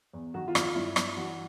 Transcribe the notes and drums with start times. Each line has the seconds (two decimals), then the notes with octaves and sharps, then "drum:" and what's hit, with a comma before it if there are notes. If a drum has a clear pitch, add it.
0.13 E2
0.34 D#3 F#4
0.48 F4
0.55 D#3, drum: rim click
0.62 F4
0.75 G2 E4
0.96 G2, drum: rim click
1.17 E3 F#4